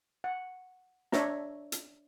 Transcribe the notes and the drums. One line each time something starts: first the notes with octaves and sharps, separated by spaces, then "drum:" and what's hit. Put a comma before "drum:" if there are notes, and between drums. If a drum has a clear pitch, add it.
F#5
D4 C#5 E5 A#5, drum: snare
drum: hi-hat